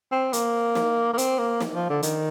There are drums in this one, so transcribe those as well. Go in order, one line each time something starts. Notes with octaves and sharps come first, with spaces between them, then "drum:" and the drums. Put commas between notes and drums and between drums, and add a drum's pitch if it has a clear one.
C4
A#3, drum: hi-hat
drum: snare
A#3
C4, drum: hi-hat
A#3
drum: snare
F3
D3
D#3, drum: hi-hat